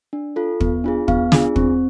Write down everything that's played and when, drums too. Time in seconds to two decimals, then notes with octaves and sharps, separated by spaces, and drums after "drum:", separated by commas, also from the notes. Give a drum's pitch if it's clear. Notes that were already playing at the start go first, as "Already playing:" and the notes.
0.13 D4
0.36 F4 A4
0.60 B3, drum: kick
0.84 D4 F4 G#4
1.08 B3 F5, drum: kick
1.32 D4 F4 G#4, drum: snare
1.56 C4, drum: kick